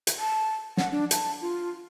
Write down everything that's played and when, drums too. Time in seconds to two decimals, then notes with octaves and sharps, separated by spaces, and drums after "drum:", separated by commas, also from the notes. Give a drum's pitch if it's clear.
0.07 drum: hi-hat
0.19 A5
0.77 F#5, drum: snare
0.92 D4
1.11 A5, drum: hi-hat
1.42 F4